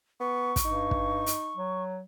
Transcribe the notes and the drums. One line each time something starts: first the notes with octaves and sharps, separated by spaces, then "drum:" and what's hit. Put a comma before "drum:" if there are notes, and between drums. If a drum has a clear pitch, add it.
B3 C#6
drum: kick, hi-hat
G2 D#4
drum: kick
drum: hi-hat
F#3